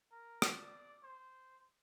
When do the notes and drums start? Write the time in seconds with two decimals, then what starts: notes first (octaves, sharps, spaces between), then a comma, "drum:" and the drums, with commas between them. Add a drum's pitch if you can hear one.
0.11 A#4
0.42 D5, drum: rim click
1.03 C5